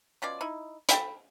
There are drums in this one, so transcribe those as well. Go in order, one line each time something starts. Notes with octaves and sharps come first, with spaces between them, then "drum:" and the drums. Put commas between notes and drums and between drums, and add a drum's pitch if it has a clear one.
B2 C#4 F4 D5
D#4 E4
A4 G5 B5, drum: hi-hat